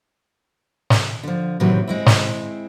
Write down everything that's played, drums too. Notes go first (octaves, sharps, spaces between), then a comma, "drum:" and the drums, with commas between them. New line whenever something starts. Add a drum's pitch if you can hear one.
drum: snare
D3 F3
A2 C3 D#3 E3 F#3
G#3 C4 E4
drum: snare